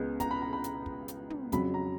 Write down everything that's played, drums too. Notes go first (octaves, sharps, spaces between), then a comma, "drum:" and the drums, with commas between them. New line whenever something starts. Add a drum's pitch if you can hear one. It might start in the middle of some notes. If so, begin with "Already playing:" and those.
Already playing: C#2 C#3 G#3 B3
A#5, drum: kick, hi-hat
B5
A#5
B5
drum: hi-hat
drum: kick
drum: hi-hat
drum: tom
F2 C#3 F#3 B5, drum: kick, hi-hat
A#5